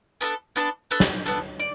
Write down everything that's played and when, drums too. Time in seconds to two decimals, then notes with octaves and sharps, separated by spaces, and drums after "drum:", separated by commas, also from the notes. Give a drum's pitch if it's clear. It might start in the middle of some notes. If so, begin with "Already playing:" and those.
0.21 B3 D4 A4
0.56 B3 D4 A4
0.91 B3 D4 A4
1.00 drum: snare
1.26 B3 D4 A4
1.60 D5